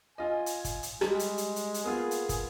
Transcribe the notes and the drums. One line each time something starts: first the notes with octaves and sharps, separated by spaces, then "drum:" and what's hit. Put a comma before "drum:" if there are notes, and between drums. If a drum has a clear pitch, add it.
F4 D#5 G#5
drum: hi-hat
drum: kick, hi-hat
drum: hi-hat
G3 G#3, drum: rim click
drum: hi-hat
drum: hi-hat
drum: hi-hat
drum: hi-hat
A#3 B3 F4 G#4
drum: hi-hat
drum: kick, hi-hat